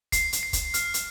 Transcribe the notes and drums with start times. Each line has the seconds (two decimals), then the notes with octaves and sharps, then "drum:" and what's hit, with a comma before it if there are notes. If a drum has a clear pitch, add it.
0.12 C7, drum: kick, hi-hat
0.33 drum: hi-hat
0.43 C7
0.53 drum: kick, hi-hat
0.74 F6, drum: hi-hat
0.94 drum: hi-hat